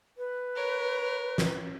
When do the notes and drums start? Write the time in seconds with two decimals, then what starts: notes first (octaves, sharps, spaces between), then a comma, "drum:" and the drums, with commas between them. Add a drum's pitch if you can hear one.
0.18 B4
0.56 A#4 C#5
1.38 drum: snare